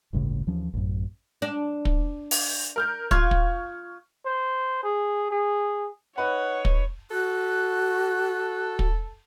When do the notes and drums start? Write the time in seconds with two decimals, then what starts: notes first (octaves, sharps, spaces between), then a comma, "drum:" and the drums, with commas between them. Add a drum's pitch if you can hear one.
0.13 G1 C#2 A2 C#3
0.47 D#2 E3 F3 C#4
0.73 A1 F#2
1.42 D4
1.85 drum: kick
2.31 drum: open hi-hat
2.76 A#4 F6 G6
3.11 F4 C#6 F6 G#6, drum: kick
3.31 drum: kick
4.26 C5
4.84 G#4
5.31 G#4
6.18 D#4 B4 C#5 F#5 B5
6.65 drum: kick
7.11 F#4 A4 F#6
8.79 drum: kick